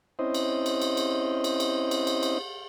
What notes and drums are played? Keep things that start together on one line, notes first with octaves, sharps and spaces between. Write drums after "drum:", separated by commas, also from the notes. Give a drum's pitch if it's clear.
C4 C#4 E4 C5 D#5
drum: cymbal
drum: cymbal
drum: cymbal
drum: cymbal
drum: cymbal
drum: cymbal
drum: cymbal
drum: cymbal
drum: cymbal